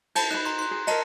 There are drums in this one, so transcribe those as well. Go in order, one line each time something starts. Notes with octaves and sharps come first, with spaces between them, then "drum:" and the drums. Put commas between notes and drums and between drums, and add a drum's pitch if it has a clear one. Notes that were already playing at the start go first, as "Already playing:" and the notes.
A5 B5 G6, drum: cymbal
D#4 B5 F#6 E7
A#5 C6
C6 F#6
G#4
A#4 D#5 A5 A#5, drum: cymbal